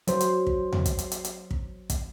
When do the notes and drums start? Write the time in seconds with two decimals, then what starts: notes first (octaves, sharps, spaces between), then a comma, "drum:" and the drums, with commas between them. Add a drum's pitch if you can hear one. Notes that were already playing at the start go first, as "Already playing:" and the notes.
0.08 F#3 C5, drum: hi-hat
0.21 drum: hi-hat
0.47 drum: kick
0.73 drum: tom E2
0.86 drum: kick, hi-hat
0.99 drum: hi-hat
1.12 drum: hi-hat
1.25 drum: hi-hat
1.51 drum: kick
1.90 drum: kick, hi-hat